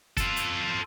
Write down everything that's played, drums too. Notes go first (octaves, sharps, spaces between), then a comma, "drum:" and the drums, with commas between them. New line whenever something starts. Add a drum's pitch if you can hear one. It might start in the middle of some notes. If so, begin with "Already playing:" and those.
F4 A4, drum: kick, hi-hat
drum: hi-hat